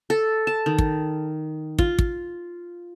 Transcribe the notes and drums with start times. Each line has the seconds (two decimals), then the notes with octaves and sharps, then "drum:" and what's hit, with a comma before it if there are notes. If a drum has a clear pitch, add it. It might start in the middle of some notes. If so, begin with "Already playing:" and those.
0.10 A4
0.47 A5
0.66 D#3
0.78 drum: kick
1.79 F4, drum: kick
1.99 drum: kick